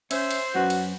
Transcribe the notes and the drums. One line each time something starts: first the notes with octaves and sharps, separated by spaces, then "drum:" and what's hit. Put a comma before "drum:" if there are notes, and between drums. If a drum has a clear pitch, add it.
C#4 C5 E5, drum: cymbal
drum: cymbal
F#2 C#4 F#4 B4
drum: cymbal